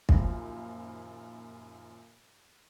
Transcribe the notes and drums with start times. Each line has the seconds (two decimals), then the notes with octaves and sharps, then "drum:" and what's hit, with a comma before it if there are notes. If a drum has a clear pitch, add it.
0.09 F#2 A#2 D#3 F3 G3, drum: kick